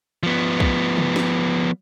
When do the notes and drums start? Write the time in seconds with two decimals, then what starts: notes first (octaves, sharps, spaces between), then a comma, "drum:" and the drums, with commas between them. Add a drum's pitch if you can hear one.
0.23 F3 B3
0.60 drum: kick
0.97 drum: tom
1.16 drum: snare